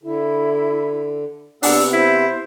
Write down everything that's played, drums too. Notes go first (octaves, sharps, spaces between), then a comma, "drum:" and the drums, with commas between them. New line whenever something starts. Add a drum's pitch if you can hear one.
D3 E4
C3 B3 D4 F#5 E6, drum: open hi-hat
E4 C5